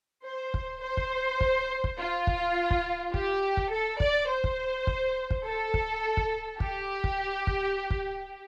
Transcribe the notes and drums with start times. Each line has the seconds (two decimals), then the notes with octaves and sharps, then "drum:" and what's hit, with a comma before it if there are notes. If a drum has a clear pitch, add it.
0.25 C5
0.54 drum: kick
0.83 C5
0.97 drum: kick
1.41 drum: kick
1.84 drum: kick
1.99 F4
2.27 drum: kick
2.71 drum: kick
3.14 G4, drum: kick
3.57 drum: kick
3.71 A4
4.00 D5, drum: kick
4.29 C5
4.44 drum: kick
4.87 drum: kick
5.30 drum: kick
5.45 A4
5.74 drum: kick
6.17 drum: kick
6.60 G4, drum: kick
7.04 drum: kick
7.47 drum: kick
7.90 drum: kick